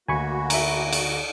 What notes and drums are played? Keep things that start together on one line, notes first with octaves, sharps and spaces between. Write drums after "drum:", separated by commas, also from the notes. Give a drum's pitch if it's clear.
D2 A#3 F#4 G#5 B5 C#6
E5 A#5, drum: cymbal
drum: cymbal